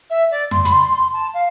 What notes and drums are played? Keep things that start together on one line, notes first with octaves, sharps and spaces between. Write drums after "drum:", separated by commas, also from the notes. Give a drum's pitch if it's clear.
E5
D5
C6, drum: tom F2
B5, drum: hi-hat
C6
C6
A5
F5